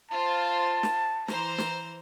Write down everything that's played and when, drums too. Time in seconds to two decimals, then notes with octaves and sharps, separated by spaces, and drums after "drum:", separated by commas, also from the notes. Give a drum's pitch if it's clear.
0.11 F4 C5 A5
0.83 drum: snare
1.28 E3 C5 A#5, drum: snare
1.58 drum: snare